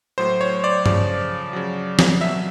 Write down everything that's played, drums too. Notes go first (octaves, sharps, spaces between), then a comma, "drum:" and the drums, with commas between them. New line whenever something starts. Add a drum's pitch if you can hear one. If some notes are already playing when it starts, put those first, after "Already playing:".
A2 F#3 C5
C#5
D5
C#3 F3 D5, drum: tom G2
C#3 F#3
drum: snare
B2 F#3 E5